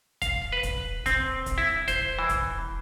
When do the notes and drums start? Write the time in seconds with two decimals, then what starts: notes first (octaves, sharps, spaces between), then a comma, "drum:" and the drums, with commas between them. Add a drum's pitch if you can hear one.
0.22 F5, drum: kick, hi-hat
0.52 B4
0.63 drum: kick, hi-hat
1.06 C4, drum: kick, hi-hat
1.46 drum: kick, hi-hat
1.58 E4
1.88 C5, drum: kick, hi-hat
2.19 E3
2.29 drum: kick, hi-hat